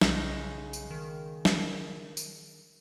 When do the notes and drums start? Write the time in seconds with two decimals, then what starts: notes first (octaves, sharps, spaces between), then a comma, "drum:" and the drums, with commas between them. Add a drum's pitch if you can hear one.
0.01 B1 C#3 G#3 D#4, drum: snare
0.73 drum: tambourine
0.91 D#3
1.45 drum: snare
2.17 drum: tambourine